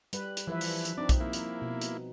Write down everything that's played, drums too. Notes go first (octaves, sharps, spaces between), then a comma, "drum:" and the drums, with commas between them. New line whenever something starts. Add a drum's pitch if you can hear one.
G3 B4, drum: hi-hat
drum: hi-hat
E3 F3 B4 E5
drum: open hi-hat
drum: hi-hat
C4 D4 D#4 D5
drum: kick, hi-hat
A#3 E4
drum: hi-hat
B2
drum: hi-hat